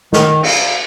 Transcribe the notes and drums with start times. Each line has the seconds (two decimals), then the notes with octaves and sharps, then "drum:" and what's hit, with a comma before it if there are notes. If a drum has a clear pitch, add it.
0.13 D#3, drum: snare
0.43 D2 E5 F5, drum: cymbal